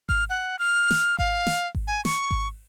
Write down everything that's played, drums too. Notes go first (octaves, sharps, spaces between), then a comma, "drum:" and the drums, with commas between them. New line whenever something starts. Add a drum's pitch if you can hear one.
F6, drum: kick G#1
F#5
F6
drum: snare
F5, drum: kick G#1
drum: snare
drum: kick G#1
G#5
C#6, drum: snare
drum: kick G#1